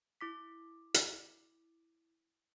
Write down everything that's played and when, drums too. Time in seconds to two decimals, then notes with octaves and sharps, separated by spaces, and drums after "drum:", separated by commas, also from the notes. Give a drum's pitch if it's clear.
0.21 E4 D6 B6
0.94 drum: hi-hat